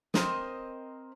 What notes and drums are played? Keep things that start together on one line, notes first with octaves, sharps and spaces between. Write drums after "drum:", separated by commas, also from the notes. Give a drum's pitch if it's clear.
C4 A#4 C5 D#5, drum: snare